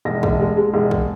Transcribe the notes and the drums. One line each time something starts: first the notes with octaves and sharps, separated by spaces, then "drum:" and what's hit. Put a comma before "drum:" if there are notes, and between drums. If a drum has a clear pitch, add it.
E1 A#6
E1, drum: kick
G#3
G#3
E1
drum: kick